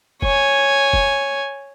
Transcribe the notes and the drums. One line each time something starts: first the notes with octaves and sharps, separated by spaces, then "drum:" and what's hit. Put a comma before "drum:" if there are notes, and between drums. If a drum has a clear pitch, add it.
C#5 G#5, drum: kick
drum: kick